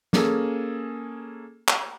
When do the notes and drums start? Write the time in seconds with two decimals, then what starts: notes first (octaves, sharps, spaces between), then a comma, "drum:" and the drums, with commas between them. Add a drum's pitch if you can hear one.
0.13 A#3 C#4 G#4 A4, drum: snare
1.68 drum: clap